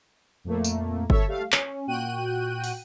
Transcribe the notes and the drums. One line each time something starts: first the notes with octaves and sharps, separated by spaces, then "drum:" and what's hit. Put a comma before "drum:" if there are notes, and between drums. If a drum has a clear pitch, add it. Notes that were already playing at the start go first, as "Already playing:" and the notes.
F2 A#2 A3 A#3
drum: tambourine
A4 C#5 E5, drum: kick G1
G3 A3 F5
C#4, drum: clap
A#2 F#4 G5 F#6 D#7
drum: open hi-hat